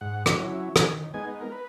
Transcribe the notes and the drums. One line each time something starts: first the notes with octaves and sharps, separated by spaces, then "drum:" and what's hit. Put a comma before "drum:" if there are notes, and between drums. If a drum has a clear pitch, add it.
G#2 F#5
drum: rim click
F#3 C#4 E4
D#3 G#5, drum: rim click
G#3 B3 D#4 G#5
A#4
B4